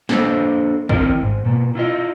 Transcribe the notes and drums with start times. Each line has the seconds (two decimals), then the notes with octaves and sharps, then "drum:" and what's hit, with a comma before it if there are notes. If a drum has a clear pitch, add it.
0.09 A#3 D4 A4 C5 D#5, drum: snare
0.89 C4 E4 A#4 D#5, drum: kick G#1
1.23 G#2
1.45 B2 A#3
1.75 E4 F4 B4 D#5